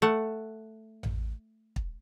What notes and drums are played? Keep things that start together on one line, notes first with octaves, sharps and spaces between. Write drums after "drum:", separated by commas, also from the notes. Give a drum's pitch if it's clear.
A3 F#5
drum: tom A1
drum: kick